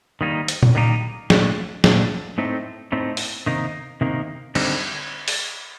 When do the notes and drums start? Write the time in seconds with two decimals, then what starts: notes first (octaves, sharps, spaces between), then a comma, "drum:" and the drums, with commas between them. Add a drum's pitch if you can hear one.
0.21 D#3 G3 A#3 D#4
0.48 drum: hi-hat
0.63 drum: tom A#2
0.75 D#3 G3 A#3 D#4
1.30 A#2 A3 D4, drum: snare
1.84 A#2 A3 D4, drum: snare
2.38 A2 A3 C4 D#4
2.92 A2 A3 C4 D#4
3.17 drum: open hi-hat
3.46 C3 D#3 A#3 D#4
4.01 C3 D#3 A#3 D#4
4.55 D3 G3 C4 D#4, drum: cymbal
5.28 drum: open hi-hat